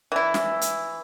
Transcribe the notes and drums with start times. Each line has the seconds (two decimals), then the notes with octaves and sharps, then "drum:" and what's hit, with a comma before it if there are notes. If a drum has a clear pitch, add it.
0.12 E3 E4
0.34 drum: snare
0.61 drum: hi-hat